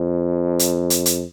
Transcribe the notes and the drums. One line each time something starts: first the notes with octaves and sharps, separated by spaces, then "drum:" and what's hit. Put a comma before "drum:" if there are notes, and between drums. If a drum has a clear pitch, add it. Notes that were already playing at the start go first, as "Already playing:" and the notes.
Already playing: F2
drum: hi-hat
drum: hi-hat
drum: hi-hat